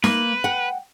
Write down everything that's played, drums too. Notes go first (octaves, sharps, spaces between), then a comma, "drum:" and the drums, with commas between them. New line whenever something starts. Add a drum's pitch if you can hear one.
A#3 B4, drum: snare D#4
F#5 G5